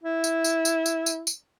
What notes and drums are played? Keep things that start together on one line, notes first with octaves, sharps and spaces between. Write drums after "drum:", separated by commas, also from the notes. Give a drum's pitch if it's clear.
E4
drum: tambourine
drum: tambourine
drum: tambourine
drum: tambourine
drum: tambourine
drum: tambourine